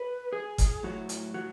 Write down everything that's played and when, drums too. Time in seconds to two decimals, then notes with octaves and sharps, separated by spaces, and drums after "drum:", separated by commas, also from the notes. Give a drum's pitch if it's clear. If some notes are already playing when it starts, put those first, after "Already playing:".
Already playing: B4
0.33 G#4
0.58 drum: kick F#1, hi-hat
0.83 A2 F#3 F#4
1.09 drum: hi-hat
1.34 F#4